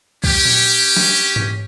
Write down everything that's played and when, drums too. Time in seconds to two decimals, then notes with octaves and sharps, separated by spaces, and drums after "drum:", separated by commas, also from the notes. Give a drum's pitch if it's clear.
0.24 C#4 G4, drum: kick C2
0.45 drum: tom A#2
0.97 drum: snare
1.36 drum: tom G#2